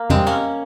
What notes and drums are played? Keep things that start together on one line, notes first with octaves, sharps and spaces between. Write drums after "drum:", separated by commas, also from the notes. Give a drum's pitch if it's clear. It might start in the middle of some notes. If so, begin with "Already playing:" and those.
Already playing: A#3
C3 G3 G#3 C4, drum: tom E2
A#3 C#4